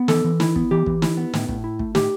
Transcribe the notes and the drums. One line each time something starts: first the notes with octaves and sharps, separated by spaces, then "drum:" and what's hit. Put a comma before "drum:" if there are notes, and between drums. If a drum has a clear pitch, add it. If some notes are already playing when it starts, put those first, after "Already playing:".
Already playing: B3
E3 A4, drum: snare
E3
E4, drum: snare
B3, drum: kick
E3 G4
E3, drum: kick
E4, drum: snare
B3
A2, drum: snare
A2, drum: kick
E4
A3, drum: kick
A2 G4, drum: snare